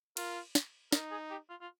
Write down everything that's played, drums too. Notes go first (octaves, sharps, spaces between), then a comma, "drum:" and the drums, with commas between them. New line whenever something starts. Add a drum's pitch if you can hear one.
F4 A#4, drum: cymbal
drum: snare
D#4 A#4, drum: snare
G#4
G4
F4
F4